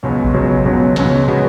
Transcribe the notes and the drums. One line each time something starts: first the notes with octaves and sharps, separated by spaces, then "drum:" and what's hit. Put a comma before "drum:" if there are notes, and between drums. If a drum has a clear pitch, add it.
C#2 B2 F#3 C#4
drum: kick A1
C#2 B2 F#3 C#4
C#2 B2 F#3 C#4
C#2 B2 F#3 C#4, drum: snare
B2 G#3 B3 F#4